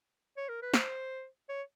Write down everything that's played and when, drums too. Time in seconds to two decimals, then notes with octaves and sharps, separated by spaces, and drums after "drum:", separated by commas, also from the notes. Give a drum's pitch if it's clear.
0.37 C#5
0.49 A#4
0.62 B4
0.74 C5, drum: snare
1.49 C#5